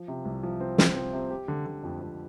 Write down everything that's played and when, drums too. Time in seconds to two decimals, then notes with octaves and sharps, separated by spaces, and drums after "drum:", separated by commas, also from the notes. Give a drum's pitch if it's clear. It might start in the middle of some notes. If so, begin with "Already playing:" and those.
Already playing: F3
0.08 C3
0.25 C2
0.43 F3
0.60 C4
0.78 C4, drum: snare
0.95 C4
1.13 C3
1.30 G4
1.48 D3
1.66 D3
1.83 F2
2.01 F2